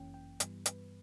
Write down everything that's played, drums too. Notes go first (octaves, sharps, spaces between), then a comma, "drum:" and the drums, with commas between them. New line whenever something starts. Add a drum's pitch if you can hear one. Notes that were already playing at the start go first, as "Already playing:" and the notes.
Already playing: G1 F#2 E3 A#3 C#4 G5
G5
G2 E3 G3 B3, drum: hi-hat
B4, drum: hi-hat